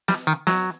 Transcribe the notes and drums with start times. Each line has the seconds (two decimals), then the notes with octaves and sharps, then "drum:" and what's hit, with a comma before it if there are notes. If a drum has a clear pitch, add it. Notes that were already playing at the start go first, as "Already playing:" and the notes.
0.08 G3, drum: snare
0.27 D#3
0.47 F#3, drum: snare